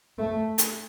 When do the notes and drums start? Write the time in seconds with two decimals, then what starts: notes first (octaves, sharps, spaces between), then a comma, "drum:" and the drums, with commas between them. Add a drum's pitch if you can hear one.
0.19 A3
0.58 drum: hi-hat